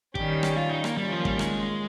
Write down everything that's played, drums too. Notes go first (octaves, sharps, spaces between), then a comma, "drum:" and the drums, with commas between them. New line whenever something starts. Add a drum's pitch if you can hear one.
D#3 G3 C#4 G4, drum: kick
drum: rim click
F4
D#4
A#3, drum: rim click
D#3 G3 A#3 C#4 F4
F3
G3, drum: kick
G#3, drum: rim click